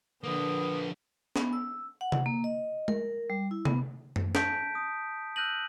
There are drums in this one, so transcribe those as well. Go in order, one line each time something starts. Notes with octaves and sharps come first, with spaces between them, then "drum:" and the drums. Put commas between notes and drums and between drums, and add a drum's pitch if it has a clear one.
D3 F3 A#3 B4 D#6
B3, drum: snare
E6
F#5
drum: tom C3
A#3
D#5
A#4, drum: tom G#3
G3
E4
B3, drum: tom C3
drum: tom F#2
A5 G6 B6 D7, drum: snare
D#6
E6 F#6 G6 A#6 D#7 F#7